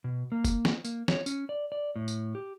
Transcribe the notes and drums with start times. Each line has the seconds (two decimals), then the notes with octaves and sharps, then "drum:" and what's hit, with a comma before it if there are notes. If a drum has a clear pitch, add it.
0.04 B2
0.32 A#3
0.45 drum: kick, tambourine
0.65 drum: snare
0.84 A#3, drum: tambourine
1.08 C#5, drum: snare
1.26 C#4, drum: tambourine
1.49 D5
1.72 D5
1.96 A2
2.08 drum: tambourine
2.35 G4